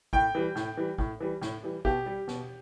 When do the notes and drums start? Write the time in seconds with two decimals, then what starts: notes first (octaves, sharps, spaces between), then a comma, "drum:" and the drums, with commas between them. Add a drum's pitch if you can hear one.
0.13 A2 G5, drum: kick
0.35 E3 G3
0.56 A2, drum: snare
0.77 E3 G3
0.98 A2, drum: kick
1.20 E3 G3
1.42 A2, drum: snare
1.63 E3 G3
1.85 B2 G4, drum: kick
2.06 G3
2.28 B2, drum: snare